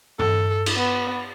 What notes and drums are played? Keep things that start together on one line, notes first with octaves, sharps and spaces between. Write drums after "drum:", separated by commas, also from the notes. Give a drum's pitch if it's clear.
A4, drum: tom G2
drum: cymbal
B3